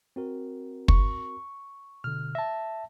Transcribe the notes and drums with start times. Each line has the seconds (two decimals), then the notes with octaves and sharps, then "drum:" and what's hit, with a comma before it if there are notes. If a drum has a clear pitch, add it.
0.16 C4 F#4 A#4
0.88 C#6, drum: kick
2.04 B2 D3 F6
2.35 E5 A5 A#6